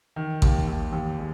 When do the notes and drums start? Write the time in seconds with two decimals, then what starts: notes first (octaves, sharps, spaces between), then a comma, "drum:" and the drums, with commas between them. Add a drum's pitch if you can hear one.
0.16 D#3
0.42 D#2, drum: kick A1
0.67 D#2
0.93 D#2
1.19 G#3